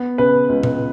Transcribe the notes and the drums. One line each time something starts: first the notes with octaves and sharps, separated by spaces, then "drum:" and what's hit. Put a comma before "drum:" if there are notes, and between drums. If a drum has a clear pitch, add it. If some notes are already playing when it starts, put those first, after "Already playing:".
Already playing: B3
C#3 B4
C#2
drum: tom A#2